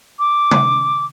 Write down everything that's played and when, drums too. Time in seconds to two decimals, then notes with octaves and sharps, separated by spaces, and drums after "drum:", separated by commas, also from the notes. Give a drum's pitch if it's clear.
0.19 D6
0.51 drum: tom C3